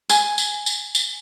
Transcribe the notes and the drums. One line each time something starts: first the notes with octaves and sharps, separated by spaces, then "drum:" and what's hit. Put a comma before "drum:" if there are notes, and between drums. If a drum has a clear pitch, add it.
G#5, drum: tambourine
drum: tambourine
drum: tambourine
drum: tambourine